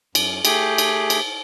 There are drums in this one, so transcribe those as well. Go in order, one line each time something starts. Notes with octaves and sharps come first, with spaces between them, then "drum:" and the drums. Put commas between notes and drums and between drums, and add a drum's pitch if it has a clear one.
F#2, drum: cymbal
A3 G4 G#4 G5, drum: cymbal
drum: cymbal
drum: cymbal